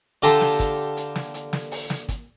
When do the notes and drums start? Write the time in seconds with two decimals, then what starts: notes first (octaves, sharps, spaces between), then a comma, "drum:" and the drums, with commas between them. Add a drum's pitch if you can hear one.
0.22 D3 F4 G4 A4 A#5 C6
0.41 drum: snare
0.60 drum: kick, hi-hat
0.97 drum: hi-hat
1.16 drum: snare
1.34 drum: hi-hat
1.53 drum: snare
1.71 drum: open hi-hat
1.90 drum: snare
2.09 drum: kick, hi-hat